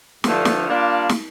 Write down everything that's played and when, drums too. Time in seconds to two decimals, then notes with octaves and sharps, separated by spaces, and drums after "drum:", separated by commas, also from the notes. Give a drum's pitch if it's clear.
0.24 G2 D3 F3 A3, drum: snare
0.45 drum: snare
0.66 G3 A#3 D4 F4
1.09 drum: snare